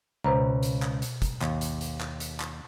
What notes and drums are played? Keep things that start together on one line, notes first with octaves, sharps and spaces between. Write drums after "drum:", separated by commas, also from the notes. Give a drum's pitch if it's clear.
C#2 B2 C5 A#5
drum: hi-hat
drum: clap
drum: hi-hat
drum: kick, hi-hat
D#2, drum: clap
drum: hi-hat
drum: hi-hat
drum: clap
drum: hi-hat
drum: clap